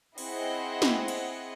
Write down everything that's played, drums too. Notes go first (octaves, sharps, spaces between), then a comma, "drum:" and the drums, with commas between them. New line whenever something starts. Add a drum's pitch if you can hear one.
C4 E4 G#4 D#5 F#5, drum: cymbal
drum: snare
drum: cymbal